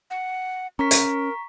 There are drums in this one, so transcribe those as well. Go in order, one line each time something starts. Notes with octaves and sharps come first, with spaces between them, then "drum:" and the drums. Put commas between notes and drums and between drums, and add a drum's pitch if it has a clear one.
F#5
C#4 A#4 A#5 C#6 B6
drum: hi-hat